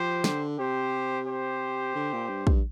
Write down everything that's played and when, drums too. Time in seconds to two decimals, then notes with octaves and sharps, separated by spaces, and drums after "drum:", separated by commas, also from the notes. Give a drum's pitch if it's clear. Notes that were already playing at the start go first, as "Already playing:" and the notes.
Already playing: F3 G4 C5
0.24 D3, drum: snare
0.58 C3 G4 C5
1.26 G4 C5
1.95 D3
2.13 A#2
2.29 G2
2.47 G2, drum: kick